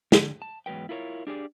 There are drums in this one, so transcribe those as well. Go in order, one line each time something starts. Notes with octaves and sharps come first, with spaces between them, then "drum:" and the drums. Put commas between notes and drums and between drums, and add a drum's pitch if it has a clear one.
D3, drum: snare
A5
E2 G#2 F#3 B4 G5
E4 F4 A#4 C5 C#5
D4 G4 G#4 D5